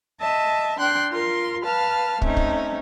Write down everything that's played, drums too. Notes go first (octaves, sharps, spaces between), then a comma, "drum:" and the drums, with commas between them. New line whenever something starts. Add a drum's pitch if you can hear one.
D#5 E5 A5
D4 G5 C6 F#6
F4 A#4 C6
B4 F5 A5 F6
A3 C4 C#4 D#4, drum: kick
drum: kick